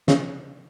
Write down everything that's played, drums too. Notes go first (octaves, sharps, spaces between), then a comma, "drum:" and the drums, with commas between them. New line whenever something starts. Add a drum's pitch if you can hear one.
C#3, drum: snare